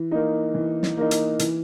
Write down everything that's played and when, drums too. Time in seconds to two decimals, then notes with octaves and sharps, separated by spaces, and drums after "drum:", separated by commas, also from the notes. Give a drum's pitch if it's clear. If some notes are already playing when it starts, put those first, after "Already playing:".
Already playing: E3
0.11 A#3 D#4
0.54 E3
0.83 drum: snare
0.97 A#3 D#4
1.11 drum: hi-hat
1.39 E3, drum: hi-hat